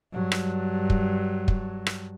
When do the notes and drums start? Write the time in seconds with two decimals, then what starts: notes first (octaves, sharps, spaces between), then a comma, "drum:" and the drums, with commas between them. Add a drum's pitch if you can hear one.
0.12 G2 F#3
0.32 drum: rim click
0.90 drum: kick
1.48 drum: kick
1.87 drum: rim click